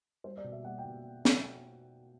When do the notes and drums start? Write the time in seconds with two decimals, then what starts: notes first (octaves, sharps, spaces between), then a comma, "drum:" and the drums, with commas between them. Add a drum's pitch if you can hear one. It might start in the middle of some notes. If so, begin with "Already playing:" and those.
0.24 G3 C5
0.37 D5
0.44 B2
0.52 E5
0.64 G3 F#5
0.78 G5
0.85 B2
1.25 drum: snare